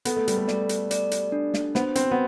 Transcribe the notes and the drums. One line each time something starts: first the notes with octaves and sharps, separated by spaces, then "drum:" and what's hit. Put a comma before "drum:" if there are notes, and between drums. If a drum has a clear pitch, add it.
B3 A4, drum: hi-hat
A3
G3, drum: hi-hat
A3
D5, drum: snare
drum: hi-hat
D5, drum: hi-hat
drum: hi-hat
D4
drum: snare
B3 C5, drum: snare
C4, drum: hi-hat
B3